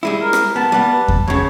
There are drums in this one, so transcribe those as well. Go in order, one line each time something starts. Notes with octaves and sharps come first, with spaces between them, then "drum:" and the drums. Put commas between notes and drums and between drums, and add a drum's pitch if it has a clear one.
G3 G#3 E4
A#4
drum: rim click
B3 A5
G3 B3
drum: kick E2
F#2 C#3 C#5